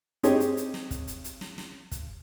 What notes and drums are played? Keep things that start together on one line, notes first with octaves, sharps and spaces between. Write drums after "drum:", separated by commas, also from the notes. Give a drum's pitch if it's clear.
C4 D#4 G4 G#4 C#5 D#5, drum: hi-hat
drum: hi-hat
drum: hi-hat
drum: snare
drum: kick, hi-hat
drum: hi-hat
drum: hi-hat
drum: snare
drum: snare
drum: kick, hi-hat